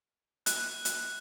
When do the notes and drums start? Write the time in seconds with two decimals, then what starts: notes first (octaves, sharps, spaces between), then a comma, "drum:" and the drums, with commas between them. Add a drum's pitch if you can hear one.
0.46 F#6, drum: hi-hat
0.85 drum: hi-hat